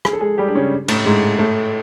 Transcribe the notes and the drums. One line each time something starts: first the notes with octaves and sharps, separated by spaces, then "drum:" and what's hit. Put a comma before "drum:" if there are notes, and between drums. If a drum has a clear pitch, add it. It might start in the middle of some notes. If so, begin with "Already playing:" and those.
G#4, drum: rim click
A4
G#3 G#4
G3 G4
D4
C#3 C#4
A2 A3, drum: cymbal
G#2 G#3
A2 A3